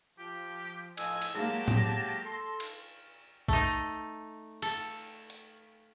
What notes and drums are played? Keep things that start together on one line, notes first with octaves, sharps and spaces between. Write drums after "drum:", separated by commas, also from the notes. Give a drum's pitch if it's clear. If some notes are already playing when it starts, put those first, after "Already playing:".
F3 G4
A2 F3 D#5 G#5 E6, drum: cymbal
drum: cymbal
F#3 G#3 A#3 G4 A5 A#6
drum: tom A2
A4 C6
drum: cymbal
A3 D#4, drum: kick
A4, drum: cymbal
drum: hi-hat